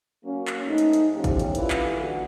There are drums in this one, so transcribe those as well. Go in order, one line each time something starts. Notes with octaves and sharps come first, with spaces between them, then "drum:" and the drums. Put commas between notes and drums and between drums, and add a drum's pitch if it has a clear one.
F#3 A#3 C#4
drum: clap
G#2 A3 D#4
drum: hi-hat
drum: hi-hat
E2 F3 C#4 G4
drum: kick G#1, hi-hat
drum: hi-hat
G2 D3 E3 F4 B4, drum: hi-hat
drum: clap
D3 A#3 F#4